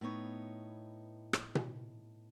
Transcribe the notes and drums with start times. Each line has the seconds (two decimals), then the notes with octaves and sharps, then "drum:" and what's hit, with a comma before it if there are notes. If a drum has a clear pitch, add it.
0.01 A2 B3 D#4 C#5
1.33 drum: rim click
1.55 drum: tom B2